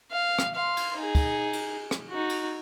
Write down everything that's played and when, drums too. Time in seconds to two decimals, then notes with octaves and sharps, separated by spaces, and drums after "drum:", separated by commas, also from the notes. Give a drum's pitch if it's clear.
0.11 F5
0.39 drum: rim click
0.55 F5 C6
0.77 drum: cymbal
0.97 D#4 G#4
1.15 drum: kick, cymbal
1.53 drum: cymbal
1.91 drum: rim click
2.10 D#4 F#4
2.29 drum: cymbal